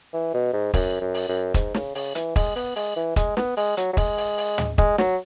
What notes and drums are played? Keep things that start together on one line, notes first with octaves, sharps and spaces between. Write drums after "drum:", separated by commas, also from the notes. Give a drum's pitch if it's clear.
E3
B2
G#2
F#2, drum: kick, open hi-hat
F#2
drum: open hi-hat
F#2
G#2, drum: kick, hi-hat
C#3, drum: snare
C#3, drum: open hi-hat
E3, drum: hi-hat
G#3, drum: kick, open hi-hat
B3, drum: open hi-hat
G#3, drum: open hi-hat
E3
G#3, drum: kick, hi-hat
B3, drum: snare
G#3, drum: open hi-hat
F#3, drum: hi-hat
F#3
G#3, drum: kick, open hi-hat
drum: open hi-hat
drum: open hi-hat
drum: tom
G#3, drum: kick
F#3, drum: snare